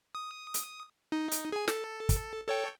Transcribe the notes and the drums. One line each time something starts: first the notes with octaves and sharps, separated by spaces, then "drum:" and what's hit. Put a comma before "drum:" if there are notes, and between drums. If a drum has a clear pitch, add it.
D#6
drum: hi-hat
D#4
drum: hi-hat
G#4 G#5
A4, drum: snare
drum: kick, hi-hat
A4 C#5 G5